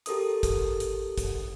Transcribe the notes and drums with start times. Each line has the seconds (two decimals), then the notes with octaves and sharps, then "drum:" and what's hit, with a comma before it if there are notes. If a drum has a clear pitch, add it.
0.06 G4 A4 A#4 D#6, drum: hi-hat
0.43 drum: kick, hi-hat
0.80 drum: hi-hat
1.18 drum: kick, hi-hat